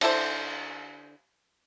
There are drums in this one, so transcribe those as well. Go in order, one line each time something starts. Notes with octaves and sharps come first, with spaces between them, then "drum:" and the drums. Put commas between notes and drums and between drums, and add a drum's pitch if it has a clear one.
D3 E4 A4 C5, drum: cymbal